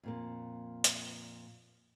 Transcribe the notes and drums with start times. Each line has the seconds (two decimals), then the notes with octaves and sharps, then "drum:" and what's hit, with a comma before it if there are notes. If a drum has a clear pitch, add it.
0.03 F2 A#2 A#3
0.84 drum: hi-hat